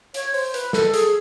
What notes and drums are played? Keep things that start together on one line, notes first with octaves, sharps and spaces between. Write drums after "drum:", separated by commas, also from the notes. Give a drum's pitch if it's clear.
C#5, drum: hi-hat
C5, drum: open hi-hat
B4, drum: hi-hat
A4, drum: snare
G#4, drum: hi-hat